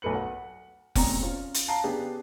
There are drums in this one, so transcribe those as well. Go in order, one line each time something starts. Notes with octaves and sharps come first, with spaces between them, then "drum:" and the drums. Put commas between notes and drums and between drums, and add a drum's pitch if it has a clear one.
B1 A3 B4 C#7 F#7
F#5
A1 E2 B2 C4 C#4 A#5, drum: kick F1, open hi-hat
C#4 F4
drum: hi-hat
F5 A5 A#5 C7
C#3 B3 D4 G4 G#4